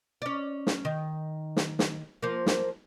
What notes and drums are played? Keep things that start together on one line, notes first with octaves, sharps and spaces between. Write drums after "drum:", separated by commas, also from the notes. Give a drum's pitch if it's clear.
C#4 D5
drum: snare
D#3
drum: snare
drum: snare
F3 A#3
drum: snare